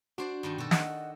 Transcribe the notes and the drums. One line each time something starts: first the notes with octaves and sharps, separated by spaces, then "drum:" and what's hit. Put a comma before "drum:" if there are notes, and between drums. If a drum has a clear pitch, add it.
D4 F#4 C5 D5
G2 D#3 D4
B2 F#4 A4
D#5 F#5, drum: snare